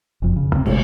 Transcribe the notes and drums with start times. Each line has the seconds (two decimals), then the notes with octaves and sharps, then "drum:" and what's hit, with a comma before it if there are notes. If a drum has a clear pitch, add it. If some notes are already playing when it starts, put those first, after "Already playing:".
0.22 F#1 F2 B2
0.36 C#3
0.52 D#2 C#3 A#3 C4
0.66 G1 B2 G#3 A3, drum: cymbal